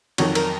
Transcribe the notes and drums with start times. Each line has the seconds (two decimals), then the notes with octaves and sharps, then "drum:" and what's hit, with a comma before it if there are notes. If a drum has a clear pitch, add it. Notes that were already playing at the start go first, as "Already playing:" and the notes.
0.18 F2 D#3 F#3 C#5, drum: cymbal
0.35 A#4, drum: cymbal